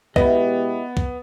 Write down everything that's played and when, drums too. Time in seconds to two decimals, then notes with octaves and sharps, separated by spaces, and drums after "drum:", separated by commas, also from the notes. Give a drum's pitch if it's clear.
0.16 B2 G#3 B3 E4 G4 B4 D#5, drum: kick
0.97 drum: kick